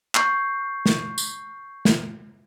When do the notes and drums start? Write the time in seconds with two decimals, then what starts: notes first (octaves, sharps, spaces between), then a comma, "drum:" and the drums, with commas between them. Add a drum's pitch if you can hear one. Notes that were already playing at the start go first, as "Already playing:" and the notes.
0.15 C#6 G6 C7, drum: clap
0.86 drum: snare
1.18 drum: tambourine
1.85 drum: snare